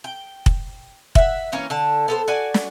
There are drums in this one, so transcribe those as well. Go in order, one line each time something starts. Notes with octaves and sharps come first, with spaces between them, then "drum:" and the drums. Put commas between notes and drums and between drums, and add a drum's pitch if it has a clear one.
G5
drum: kick
E5 F#5, drum: kick
E3 A#3 C#4
D3 A5
B3 A4 C5
F#4 D5 G#5
drum: snare